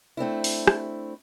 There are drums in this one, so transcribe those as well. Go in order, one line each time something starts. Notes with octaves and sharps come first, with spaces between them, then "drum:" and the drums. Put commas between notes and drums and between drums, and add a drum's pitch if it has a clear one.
A3 C4 D4 E4
drum: open hi-hat
drum: rim click